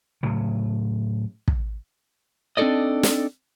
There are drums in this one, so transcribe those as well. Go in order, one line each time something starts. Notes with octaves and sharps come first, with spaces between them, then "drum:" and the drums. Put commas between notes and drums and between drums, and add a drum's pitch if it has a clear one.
A2 C#3 F#3
drum: kick
C4 D4 D#4 A4 D5 D#5
drum: snare